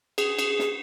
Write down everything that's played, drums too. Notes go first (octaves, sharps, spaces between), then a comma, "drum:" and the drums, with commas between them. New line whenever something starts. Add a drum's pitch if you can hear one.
G#4, drum: cymbal
drum: cymbal
drum: snare